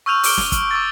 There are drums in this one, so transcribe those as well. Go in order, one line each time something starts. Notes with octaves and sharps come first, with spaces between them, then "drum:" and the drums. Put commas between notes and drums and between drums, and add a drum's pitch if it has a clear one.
C#6 E6 F6 G6 D#7 F7
C#6 D6 F6 D7 G7, drum: open hi-hat
drum: snare
F6, drum: kick, hi-hat
D6 E6 A6